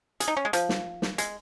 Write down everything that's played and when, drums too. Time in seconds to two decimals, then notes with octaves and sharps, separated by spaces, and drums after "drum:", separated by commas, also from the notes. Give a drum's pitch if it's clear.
0.20 G#4, drum: hi-hat
0.28 D#4
0.37 C#4
0.45 G#3
0.53 F3, drum: hi-hat
0.69 drum: snare
1.02 drum: snare
1.18 G#3, drum: hi-hat